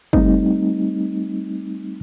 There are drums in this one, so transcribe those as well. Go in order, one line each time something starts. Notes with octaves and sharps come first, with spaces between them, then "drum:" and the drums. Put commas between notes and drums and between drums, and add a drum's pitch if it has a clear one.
G3 A3 C4 D#4, drum: kick